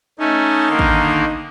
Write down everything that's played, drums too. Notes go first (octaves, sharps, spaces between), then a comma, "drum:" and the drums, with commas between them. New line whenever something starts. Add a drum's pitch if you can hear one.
A3 C#4 D#4
D3 D#3 A#3
drum: kick A1